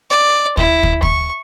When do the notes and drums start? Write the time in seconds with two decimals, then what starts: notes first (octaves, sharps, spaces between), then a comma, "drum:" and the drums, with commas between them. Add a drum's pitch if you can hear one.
0.11 D5
0.57 E4, drum: kick
0.83 drum: kick
1.03 C#6, drum: kick